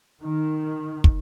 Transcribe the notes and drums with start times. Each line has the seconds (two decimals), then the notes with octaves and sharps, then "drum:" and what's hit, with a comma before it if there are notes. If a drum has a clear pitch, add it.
0.23 D#3
1.04 drum: kick